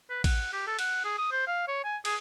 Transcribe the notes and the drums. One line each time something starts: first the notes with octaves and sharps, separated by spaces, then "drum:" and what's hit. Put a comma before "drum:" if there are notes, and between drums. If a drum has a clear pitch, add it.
B4
F#5, drum: kick A1, cymbal
G4
A4
F#5, drum: cymbal
G#4
D#6
C5
F5
C#5
G#5
G#4, drum: cymbal